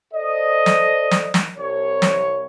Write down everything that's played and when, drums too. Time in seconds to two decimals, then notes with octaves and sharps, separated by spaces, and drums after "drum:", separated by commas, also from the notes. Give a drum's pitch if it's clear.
0.14 A4 C5 D5 D#5
0.66 drum: snare
1.11 drum: snare
1.34 drum: snare
1.57 C2 C#5
2.02 drum: snare